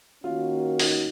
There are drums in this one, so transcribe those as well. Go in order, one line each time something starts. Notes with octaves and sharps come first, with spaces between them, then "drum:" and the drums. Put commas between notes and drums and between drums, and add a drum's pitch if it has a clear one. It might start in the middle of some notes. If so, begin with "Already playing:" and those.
D#3 A#3 C#4 F4 F#4
D#4, drum: open hi-hat